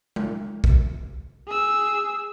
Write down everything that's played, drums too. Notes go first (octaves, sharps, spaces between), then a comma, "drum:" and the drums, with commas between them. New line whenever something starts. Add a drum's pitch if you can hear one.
drum: tom G#3
drum: kick
G#4 E6